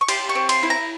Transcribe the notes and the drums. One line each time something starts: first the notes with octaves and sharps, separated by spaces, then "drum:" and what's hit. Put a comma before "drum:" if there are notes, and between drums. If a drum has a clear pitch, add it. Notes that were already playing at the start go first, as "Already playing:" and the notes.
C#6
G4 C6, drum: cymbal
C#6
C4
C6, drum: cymbal
E4
A#5